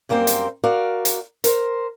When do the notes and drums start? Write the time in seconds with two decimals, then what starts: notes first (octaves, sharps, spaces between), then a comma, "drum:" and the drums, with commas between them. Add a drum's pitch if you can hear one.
0.09 F#2 G3 A#3 C4 E4 C5
0.27 drum: hi-hat
0.64 F#4 A#4 D5 F5
1.05 drum: hi-hat
1.44 A#4 C5, drum: hi-hat